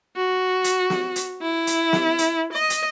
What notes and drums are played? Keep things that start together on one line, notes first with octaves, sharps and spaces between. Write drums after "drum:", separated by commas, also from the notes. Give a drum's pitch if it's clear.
F#4
drum: hi-hat
drum: snare
drum: hi-hat
E4
drum: hi-hat
drum: snare
drum: hi-hat
D#5
drum: hi-hat